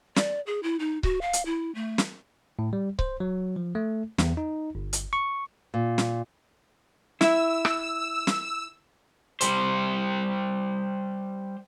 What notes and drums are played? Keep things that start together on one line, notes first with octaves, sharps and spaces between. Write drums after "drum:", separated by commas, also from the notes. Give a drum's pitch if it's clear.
D5, drum: snare
G#4
E4
D#4
F#4, drum: kick C#1
F5
drum: hi-hat
E4
A3
drum: snare
A2
G3
C5, drum: kick C#1
F#3
F3
A3
E2, drum: snare
D#4
G1
drum: hi-hat
C#6
A#2
drum: snare
E4 E6, drum: snare
drum: rim click
drum: snare
G3 G4 C5, drum: hi-hat